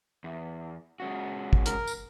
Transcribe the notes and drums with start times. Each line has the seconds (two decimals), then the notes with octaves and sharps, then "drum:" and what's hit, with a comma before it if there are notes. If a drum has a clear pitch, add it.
0.24 E2
1.00 G#3 C#4 F#4
1.53 drum: kick
1.66 A#4, drum: hi-hat
1.87 drum: tambourine